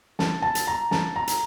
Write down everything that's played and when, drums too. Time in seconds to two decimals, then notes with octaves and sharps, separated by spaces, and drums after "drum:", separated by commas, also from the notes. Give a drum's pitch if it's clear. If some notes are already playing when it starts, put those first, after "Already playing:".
0.19 A5, drum: snare
0.42 A5
0.55 drum: hi-hat
0.67 A#5
0.91 A5, drum: snare
1.16 A#5
1.28 drum: hi-hat